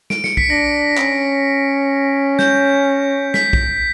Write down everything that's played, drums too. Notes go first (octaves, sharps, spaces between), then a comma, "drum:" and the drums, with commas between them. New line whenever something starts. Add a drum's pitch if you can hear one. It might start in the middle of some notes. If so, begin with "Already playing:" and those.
D7, drum: snare
C#7, drum: snare
B6, drum: kick
D4 A#6
C#4, drum: clap
G6, drum: snare
B6, drum: snare
drum: kick